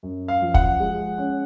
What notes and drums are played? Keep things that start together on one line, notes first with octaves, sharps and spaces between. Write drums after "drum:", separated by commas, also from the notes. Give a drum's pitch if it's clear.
F#2
F5
F3
F#5, drum: kick
G#3
C#4